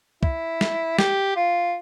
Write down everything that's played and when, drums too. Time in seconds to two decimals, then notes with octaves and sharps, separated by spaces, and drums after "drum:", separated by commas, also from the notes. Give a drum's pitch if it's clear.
0.23 E4, drum: kick
0.61 drum: snare
0.99 G4, drum: snare
1.36 F4